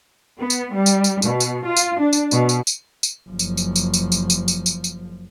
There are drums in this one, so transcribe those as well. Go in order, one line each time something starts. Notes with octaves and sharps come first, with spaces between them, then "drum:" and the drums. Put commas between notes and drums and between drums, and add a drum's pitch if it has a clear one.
B3
drum: tambourine
G3
drum: tambourine
drum: tambourine
B2, drum: tambourine
drum: tambourine
F4
drum: tambourine
D4
drum: tambourine
B2, drum: tambourine
drum: tambourine
drum: tambourine
drum: tambourine
F#1 F3
drum: tambourine
drum: tambourine
drum: tambourine
drum: tambourine
drum: tambourine
drum: tambourine
drum: tambourine
drum: tambourine
drum: tambourine